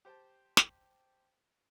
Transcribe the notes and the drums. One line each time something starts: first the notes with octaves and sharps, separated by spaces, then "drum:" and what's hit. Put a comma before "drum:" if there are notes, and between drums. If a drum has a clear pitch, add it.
G4 C5 G5 A5
drum: snare